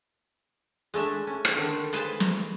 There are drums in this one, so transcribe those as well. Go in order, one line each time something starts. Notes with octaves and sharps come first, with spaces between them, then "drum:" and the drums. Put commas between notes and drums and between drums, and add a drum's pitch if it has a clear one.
G#3 A3 D4 E5
C#4
drum: rim click
D3 D#3
G#4 B4 C5 F5 G#5 A5, drum: hi-hat
drum: snare